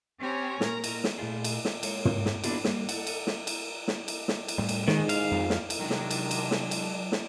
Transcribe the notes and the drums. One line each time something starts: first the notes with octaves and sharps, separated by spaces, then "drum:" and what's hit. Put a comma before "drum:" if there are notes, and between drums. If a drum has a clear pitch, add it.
C4 C#4 G4 C#5 G#5 A#5
A#2 A#4 A#5, drum: snare
drum: cymbal
drum: snare
A#2 A3 E4 F4 G#4
drum: cymbal
drum: snare
G#3 A#3 C#5, drum: cymbal
drum: tom
drum: snare
A#3 B3 D4 E4 F4 G4, drum: cymbal
G3 A#3, drum: snare
A4 F#5, drum: cymbal
drum: cymbal
drum: snare
drum: cymbal
drum: snare
drum: cymbal
drum: snare
drum: cymbal
A2 G3
drum: cymbal
G#2 D#3 G#3, drum: snare
F5, drum: cymbal
F2
drum: snare
drum: cymbal
C3 D#3 F#3 G#3 D4
drum: snare
drum: cymbal
drum: cymbal
drum: snare
drum: cymbal
drum: snare